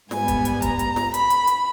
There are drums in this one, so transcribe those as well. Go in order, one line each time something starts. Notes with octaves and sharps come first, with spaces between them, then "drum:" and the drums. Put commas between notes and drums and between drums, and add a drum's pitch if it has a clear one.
G#2 G3 B3 G#5, drum: snare
drum: kick, hi-hat
drum: hi-hat
A#5, drum: kick, hi-hat
drum: hi-hat
drum: snare
B5, drum: hi-hat
drum: hi-hat
drum: hi-hat